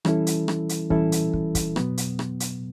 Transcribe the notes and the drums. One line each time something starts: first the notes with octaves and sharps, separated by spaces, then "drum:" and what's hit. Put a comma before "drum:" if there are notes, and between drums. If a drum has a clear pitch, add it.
E3 G3 C#4 E4 A4, drum: rim click
drum: hi-hat
drum: rim click
drum: hi-hat
E3 G3 C#4 E4 A4, drum: kick
drum: hi-hat
drum: kick
drum: kick, hi-hat
B2 F#3 B3, drum: rim click
drum: hi-hat
drum: rim click
drum: hi-hat